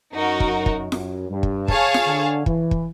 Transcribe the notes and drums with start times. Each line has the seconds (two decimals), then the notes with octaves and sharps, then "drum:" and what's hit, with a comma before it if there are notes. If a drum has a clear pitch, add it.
0.14 F#2 D#4 F#4 A#4
0.40 drum: kick
0.66 drum: kick
0.92 F#2, drum: snare F4
1.30 G2
1.43 drum: kick
1.68 G#4 C#5 F5 A5, drum: kick
1.94 drum: snare F4
2.07 D3
2.46 E3, drum: kick
2.71 drum: kick